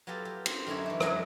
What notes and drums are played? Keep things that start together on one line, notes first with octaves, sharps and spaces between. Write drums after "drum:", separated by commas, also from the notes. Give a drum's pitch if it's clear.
F#3 B3 F4 G4 A4
G4
C4, drum: cymbal
F#2 D3 D#4 E4 C#5
E3 D4
F#2 F#3 G#3 F4 A4 D#5, drum: rim click